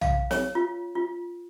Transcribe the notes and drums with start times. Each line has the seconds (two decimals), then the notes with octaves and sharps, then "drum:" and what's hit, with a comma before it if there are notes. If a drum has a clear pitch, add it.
0.01 F5, drum: tom
0.31 C#5, drum: snare
0.55 F4
0.95 F4